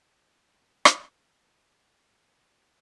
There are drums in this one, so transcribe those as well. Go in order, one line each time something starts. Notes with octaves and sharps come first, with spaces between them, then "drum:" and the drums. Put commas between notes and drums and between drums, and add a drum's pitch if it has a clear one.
G5
drum: rim click
G4
G4